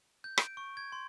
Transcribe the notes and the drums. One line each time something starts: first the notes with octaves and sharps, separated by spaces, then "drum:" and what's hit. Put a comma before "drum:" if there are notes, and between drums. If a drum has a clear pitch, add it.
G6
D7, drum: rim click
C#6
G#6
C6